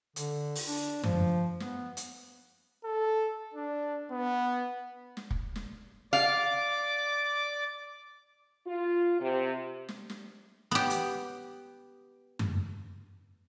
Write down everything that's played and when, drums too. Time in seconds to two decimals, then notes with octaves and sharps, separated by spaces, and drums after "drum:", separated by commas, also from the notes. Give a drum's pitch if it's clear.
0.16 D3, drum: hi-hat
0.55 drum: open hi-hat
0.68 D4
1.04 F3, drum: tom F#2
1.60 B3, drum: snare
1.97 drum: hi-hat
2.84 A4
3.54 D4
4.12 B3
5.17 drum: snare
5.31 drum: kick
5.56 drum: snare
6.13 D5 F5 D6
8.67 F4
9.20 C3
9.89 drum: snare
10.10 drum: snare
10.71 B3 G4
10.90 drum: hi-hat
12.39 drum: tom F#2